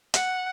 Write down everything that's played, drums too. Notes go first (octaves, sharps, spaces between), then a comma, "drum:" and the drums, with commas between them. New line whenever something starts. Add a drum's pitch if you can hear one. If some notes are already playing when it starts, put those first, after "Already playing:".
F#5, drum: hi-hat